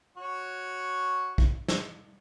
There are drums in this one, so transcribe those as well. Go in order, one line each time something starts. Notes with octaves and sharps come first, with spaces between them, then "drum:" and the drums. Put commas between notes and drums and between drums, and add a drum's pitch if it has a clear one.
F#4 C#5
drum: kick
drum: snare